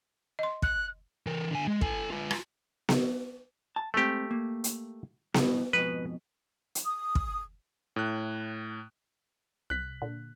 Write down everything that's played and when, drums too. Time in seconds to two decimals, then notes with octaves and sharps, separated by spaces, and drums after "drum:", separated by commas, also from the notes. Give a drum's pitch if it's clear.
0.39 D#5 C6
0.62 F#6, drum: kick
1.27 E3 A#4
1.51 D3 G#5
1.68 G#3
1.81 A4 G#5, drum: kick
2.11 F4 B4
2.31 drum: rim click
2.89 drum: snare B3
3.76 A5
3.94 G#3 A3 C4 G4
4.31 A#3
4.64 drum: hi-hat
5.34 G2 B2 E3, drum: snare B3
5.73 F2 G#2 B2 B4
6.75 drum: hi-hat
6.85 D#6
7.15 drum: kick
7.96 A2 F#6
9.70 C2 F#6 B6
10.02 A#2 D3